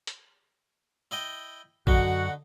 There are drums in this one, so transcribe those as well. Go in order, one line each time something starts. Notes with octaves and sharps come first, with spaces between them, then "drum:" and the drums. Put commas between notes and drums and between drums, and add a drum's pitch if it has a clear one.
drum: hi-hat
E4 D#5 G5
F#2 D3 D#4 F#4 F#5, drum: kick